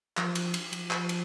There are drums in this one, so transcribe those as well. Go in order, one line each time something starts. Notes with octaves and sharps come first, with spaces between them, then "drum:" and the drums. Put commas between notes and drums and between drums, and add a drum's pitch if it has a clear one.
F3, drum: clap
drum: cymbal
drum: cymbal
F3, drum: cymbal
drum: clap
drum: cymbal